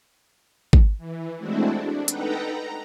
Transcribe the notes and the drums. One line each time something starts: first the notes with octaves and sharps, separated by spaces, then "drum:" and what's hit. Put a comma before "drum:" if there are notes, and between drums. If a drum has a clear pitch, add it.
drum: kick G#1
E3
G#3 A3 C4 D4 E4 F#4
D4
D#4 A4 B4 F#5 G5 A#5, drum: hi-hat
A#5